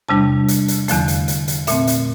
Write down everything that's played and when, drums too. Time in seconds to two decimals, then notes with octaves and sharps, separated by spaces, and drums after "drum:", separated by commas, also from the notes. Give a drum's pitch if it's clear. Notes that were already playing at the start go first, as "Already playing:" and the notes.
0.08 E2 C3 G3 D4 A5
0.48 drum: hi-hat
0.68 drum: hi-hat
0.88 E2 D3 F3 A3, drum: hi-hat
1.08 drum: hi-hat
1.28 drum: hi-hat
1.48 drum: hi-hat
1.67 A#2 A3 C4 E5, drum: hi-hat
1.87 drum: hi-hat